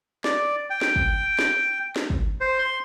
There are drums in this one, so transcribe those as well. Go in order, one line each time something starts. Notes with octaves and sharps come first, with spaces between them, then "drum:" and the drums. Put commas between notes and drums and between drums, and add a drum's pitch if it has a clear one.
D5, drum: snare
G5
drum: snare
drum: kick
drum: snare
drum: snare
drum: kick
C5
C6